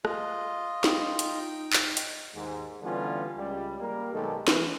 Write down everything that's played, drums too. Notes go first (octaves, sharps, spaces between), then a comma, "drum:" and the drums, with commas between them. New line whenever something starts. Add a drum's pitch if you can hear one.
F4 D#5, drum: rim click
D#4 G5, drum: snare
drum: hi-hat
drum: clap
drum: hi-hat
D#2 G#2
D3 E3 G3 B3 C#4 F4
C#2 G3
G3 A#3 A#4
B1 D#3 G#3 G4 A4
E3, drum: snare